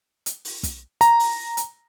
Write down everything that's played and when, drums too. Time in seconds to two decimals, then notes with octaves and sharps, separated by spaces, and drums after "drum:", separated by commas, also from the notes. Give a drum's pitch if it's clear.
0.26 drum: hi-hat
0.45 drum: open hi-hat
0.63 drum: kick, hi-hat
1.01 A#5, drum: hi-hat
1.20 drum: open hi-hat
1.57 drum: hi-hat